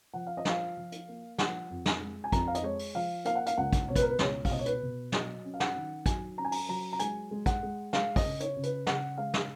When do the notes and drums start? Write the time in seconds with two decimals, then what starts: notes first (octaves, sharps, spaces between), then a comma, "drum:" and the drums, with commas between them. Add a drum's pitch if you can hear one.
0.14 F3 F#5
0.27 F5
0.37 D#5
0.45 F3 F5, drum: snare
0.77 F3
0.92 drum: hi-hat
1.08 A#3
1.38 F3 F#5, drum: snare
1.70 F2
1.86 drum: snare
2.01 G#3
2.24 G#5
2.32 F2 A#5, drum: kick, hi-hat
2.47 F5
2.55 D#5, drum: hi-hat
2.63 G#3 C#5
2.79 drum: open hi-hat
2.94 F3 F5
3.25 A#3 F5, drum: hi-hat
3.35 F#5
3.46 F5, drum: hi-hat
3.57 C#2 F#5
3.73 drum: kick, hi-hat
3.88 B2 C#5
3.96 B4, drum: kick, hi-hat
4.02 A#4
4.09 B4
4.19 C#2 C#5, drum: snare
4.45 F5, drum: kick, open hi-hat
4.50 B2 D#5
4.59 C#5
4.66 B4, drum: hi-hat
4.82 B2
5.12 F#3 D#5, drum: snare
5.44 C#4
5.54 F5
5.60 F#5, drum: snare
5.75 D#3
6.06 F#3 G#5, drum: kick, hi-hat
6.38 C#4 A#5
6.45 G#5
6.52 A#5, drum: open hi-hat
6.69 F#3 A#5
6.93 A#5
6.99 G#3 G#5, drum: hi-hat
7.31 G#3
7.46 F#5, drum: kick, hi-hat
7.63 G#3
7.93 G#3 F5, drum: snare
8.16 D#5, drum: kick, open hi-hat
8.24 C#3
8.40 C#5, drum: hi-hat
8.56 C#3
8.63 B4, drum: hi-hat
8.86 C#3 F#5, drum: snare
9.18 G#3 F5
9.34 drum: snare